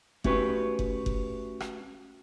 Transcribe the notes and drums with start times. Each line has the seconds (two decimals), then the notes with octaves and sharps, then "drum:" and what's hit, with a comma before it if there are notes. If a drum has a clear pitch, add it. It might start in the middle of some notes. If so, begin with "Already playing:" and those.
0.24 A3 C#4 F#4 G4 B4, drum: kick F#1
0.79 drum: kick F#1
1.06 drum: kick F#1
1.60 drum: rim click